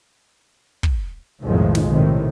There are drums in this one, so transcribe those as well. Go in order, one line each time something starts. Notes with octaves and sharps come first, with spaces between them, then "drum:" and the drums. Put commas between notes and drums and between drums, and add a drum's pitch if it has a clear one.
drum: kick
B1 F2 A2 D#3 F3 G#3
drum: snare
A2 C3 D#3